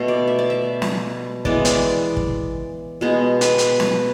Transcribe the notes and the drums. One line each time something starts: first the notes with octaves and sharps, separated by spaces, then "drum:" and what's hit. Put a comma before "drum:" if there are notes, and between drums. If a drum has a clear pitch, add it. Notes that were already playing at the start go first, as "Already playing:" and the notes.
Already playing: B2 A3
D5
E5
D5
E5
drum: snare
E3 G#3 B3 D5, drum: kick
D5, drum: hi-hat
drum: kick
B2 G#3 B3
B4, drum: hi-hat
drum: hi-hat
B4, drum: snare